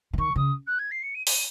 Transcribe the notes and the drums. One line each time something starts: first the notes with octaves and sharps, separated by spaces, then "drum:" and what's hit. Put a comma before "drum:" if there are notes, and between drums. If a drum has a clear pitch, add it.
E3
D#3 C#6
C#3 D#6
F#6
G#6
C7
C#7
D#7
D#7, drum: open hi-hat